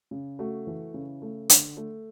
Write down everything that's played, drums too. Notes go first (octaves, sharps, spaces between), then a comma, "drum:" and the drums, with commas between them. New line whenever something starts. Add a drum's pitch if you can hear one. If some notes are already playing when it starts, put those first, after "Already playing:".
C#3
A3 F#4
E3
C#3
A3
D3, drum: hi-hat
A3